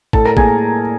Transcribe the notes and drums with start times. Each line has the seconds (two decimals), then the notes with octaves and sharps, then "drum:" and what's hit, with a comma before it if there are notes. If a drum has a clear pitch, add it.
0.13 A2 A4 A5, drum: kick G#1
0.25 A#4 A#5
0.37 A#3 G#4 G#5, drum: kick G#1